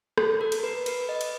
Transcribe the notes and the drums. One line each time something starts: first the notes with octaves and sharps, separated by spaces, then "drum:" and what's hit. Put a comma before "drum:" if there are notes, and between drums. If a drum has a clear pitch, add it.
A4, drum: rim click
A#4
drum: cymbal
B4
B4, drum: cymbal
D#5
drum: cymbal